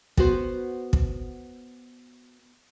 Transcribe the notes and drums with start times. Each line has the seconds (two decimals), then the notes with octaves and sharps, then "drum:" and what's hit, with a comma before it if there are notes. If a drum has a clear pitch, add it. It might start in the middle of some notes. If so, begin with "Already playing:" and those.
0.17 B3 F#4 C5, drum: kick
0.93 drum: kick